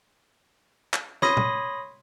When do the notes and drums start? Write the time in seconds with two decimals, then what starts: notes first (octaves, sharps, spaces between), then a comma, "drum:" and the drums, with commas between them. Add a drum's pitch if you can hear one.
0.93 drum: clap
1.22 C#5 B5 C6 D#6 A#6, drum: snare
1.37 drum: tom